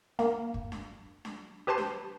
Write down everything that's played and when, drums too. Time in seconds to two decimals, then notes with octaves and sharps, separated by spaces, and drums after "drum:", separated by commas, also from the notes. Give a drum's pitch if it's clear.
0.19 A#3, drum: snare D4
0.54 drum: kick
0.72 drum: snare D4
1.25 drum: snare D4
1.67 G4 B4 C5 A5 C6
1.78 drum: snare D4